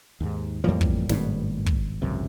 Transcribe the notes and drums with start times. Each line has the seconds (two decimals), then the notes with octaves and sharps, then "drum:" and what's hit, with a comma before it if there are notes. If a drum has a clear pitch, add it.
0.20 D#2 G#2
0.64 F2 A2 E3 F3 G3 A#3
0.81 drum: kick
1.09 G#1 G2 B2, drum: snare
1.66 drum: kick
2.02 C#2 F#2 C3